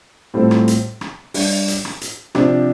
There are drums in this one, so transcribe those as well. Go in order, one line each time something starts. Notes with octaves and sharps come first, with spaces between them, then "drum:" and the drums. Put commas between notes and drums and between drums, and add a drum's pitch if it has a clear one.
A2 G3 C4 F4 A4
drum: rim click
drum: hi-hat
drum: rim click
G3 D4 G4, drum: open hi-hat
drum: hi-hat
drum: rim click
drum: hi-hat
C3 F3 D4 G4, drum: rim click